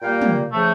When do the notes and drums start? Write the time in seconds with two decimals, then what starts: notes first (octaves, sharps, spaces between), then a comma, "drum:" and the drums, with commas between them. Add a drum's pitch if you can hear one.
0.01 A#2 G3 A#3 F5 G5
0.21 drum: tom
0.52 C#3 F3 A3